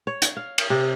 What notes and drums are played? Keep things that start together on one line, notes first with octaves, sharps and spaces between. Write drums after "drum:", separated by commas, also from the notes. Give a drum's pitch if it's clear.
C#5
drum: hi-hat
F5
drum: cymbal
C3